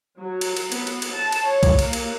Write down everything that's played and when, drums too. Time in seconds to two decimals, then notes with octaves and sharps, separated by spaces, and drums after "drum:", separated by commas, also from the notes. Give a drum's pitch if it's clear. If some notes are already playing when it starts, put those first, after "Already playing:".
0.19 F#3
0.41 drum: cymbal
0.57 drum: cymbal
0.72 B3, drum: cymbal
0.87 drum: cymbal
1.02 drum: cymbal
1.14 A5
1.32 drum: cymbal
1.47 C#5
1.63 drum: kick, cymbal
1.79 A#3, drum: cymbal
1.93 drum: cymbal